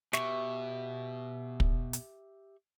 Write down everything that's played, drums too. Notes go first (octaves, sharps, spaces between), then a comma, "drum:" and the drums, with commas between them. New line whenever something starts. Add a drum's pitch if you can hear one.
B2 G4 E5 C#6, drum: snare
drum: kick
drum: hi-hat